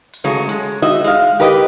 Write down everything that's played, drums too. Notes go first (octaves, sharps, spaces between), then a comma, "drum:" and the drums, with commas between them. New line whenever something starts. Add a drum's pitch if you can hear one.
drum: open hi-hat
C#3 F#3 G#3 A3
G#3, drum: hi-hat
D#4 F#4 D#5 E5
G#3 F5
G4 A#4 B4 D#5